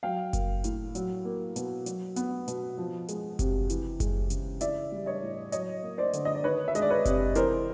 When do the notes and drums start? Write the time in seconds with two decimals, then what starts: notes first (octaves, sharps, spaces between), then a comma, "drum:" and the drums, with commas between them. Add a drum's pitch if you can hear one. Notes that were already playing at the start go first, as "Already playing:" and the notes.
0.03 F#3 F5 G5
0.33 A#3, drum: kick F#1, hi-hat
0.64 A2, drum: hi-hat
0.95 F#3, drum: hi-hat
1.25 A#3
1.56 B2, drum: hi-hat
1.86 F#3, drum: hi-hat
2.16 B3, drum: hi-hat
2.48 B2, drum: hi-hat
2.78 F3
3.08 G#3, drum: hi-hat
3.39 C3, drum: kick F#1, hi-hat
3.70 E3, drum: hi-hat
4.00 G#3, drum: kick F#1, hi-hat
4.30 C#3, drum: hi-hat
4.61 E3 D5 E5, drum: hi-hat
4.92 G3
5.06 C#5 D#5
5.22 A2
5.52 F#3 C#5 D#5, drum: hi-hat
5.83 A#3
5.98 C5 D5
6.13 D3, drum: hi-hat
6.25 D#5
6.35 D5
6.44 D#3 B4 C#5
6.68 E5
6.75 G#3 D#5, drum: hi-hat
6.82 D5
6.90 B4 C#5
7.05 C3, drum: kick F#1, hi-hat
7.35 E3 A#4 C5, drum: hi-hat